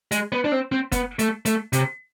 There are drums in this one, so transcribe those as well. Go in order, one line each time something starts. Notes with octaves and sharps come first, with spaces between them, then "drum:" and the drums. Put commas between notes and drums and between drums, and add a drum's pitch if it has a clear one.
G#3, drum: hi-hat
B3
D4
C4
C4
B3, drum: kick F#1, hi-hat
A3, drum: hi-hat
A3, drum: hi-hat
C3, drum: hi-hat